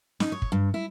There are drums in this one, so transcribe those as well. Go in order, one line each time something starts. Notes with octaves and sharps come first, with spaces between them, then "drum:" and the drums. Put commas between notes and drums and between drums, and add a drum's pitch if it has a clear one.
D#4, drum: snare
C#5
drum: kick
G2
E4